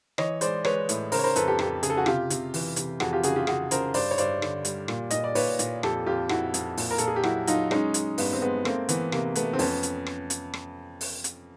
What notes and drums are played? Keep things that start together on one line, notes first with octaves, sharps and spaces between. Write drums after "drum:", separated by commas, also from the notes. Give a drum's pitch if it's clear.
E3 C#5 D#5, drum: rim click
G#3 C5 D5, drum: hi-hat
G#3 B4 C#5, drum: rim click
A2, drum: hi-hat
C#3 A#4 C5, drum: open hi-hat
C#5
A#4 C5
F2 A4 B4, drum: hi-hat
G4 A4
F2 G4 A4, drum: rim click
C#3 G#4, drum: hi-hat
A4
F#4 G#4
C3 F4 G4, drum: rim click
C3, drum: hi-hat
E3, drum: open hi-hat
C3, drum: hi-hat
F2 F#4 G#4, drum: rim click
F4 G4
C#3 F#4 G#4, drum: hi-hat
F4 G4
C#3 F#4 G#4, drum: rim click
C#3 A#4 C5, drum: hi-hat
G2 C5 D5, drum: open hi-hat
C#5
G2 C5 D5, drum: hi-hat
D3, drum: rim click
G3, drum: hi-hat
A#2, drum: rim click
A#2 D#5, drum: hi-hat
D5
A#2 B4 C#5, drum: open hi-hat
A#2, drum: hi-hat
F2 G4 A4, drum: rim click
F2 F4 G4
F2 E4 F#4, drum: rim click
F2, drum: hi-hat
A#2, drum: open hi-hat
A#4
A#2 A4, drum: hi-hat
G#4
G4
F#3 E4 F#4, drum: rim click
F#3 D#4 F4, drum: hi-hat
G#3 C#4 D#4, drum: rim click
G#3, drum: hi-hat
G2 B3, drum: open hi-hat
C4
G#3 B3
A3 A#3 C4, drum: rim click
E3 B3, drum: hi-hat
C3 A#3, drum: rim click
A3 B3, drum: hi-hat
C4
F2 B3 C#4, drum: open hi-hat
drum: hi-hat
drum: rim click
drum: hi-hat
drum: rim click
drum: open hi-hat
drum: hi-hat